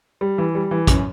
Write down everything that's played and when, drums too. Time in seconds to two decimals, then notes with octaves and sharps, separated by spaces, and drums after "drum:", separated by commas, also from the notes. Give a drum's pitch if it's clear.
0.21 G3
0.38 E3
0.55 G3
0.71 E3
0.87 F#2, drum: kick, hi-hat